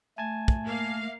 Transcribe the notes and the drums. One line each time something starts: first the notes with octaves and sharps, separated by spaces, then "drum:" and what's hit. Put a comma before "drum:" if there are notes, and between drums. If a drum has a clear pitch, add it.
A3 G#5 A5 G#6
drum: kick
A#3 F5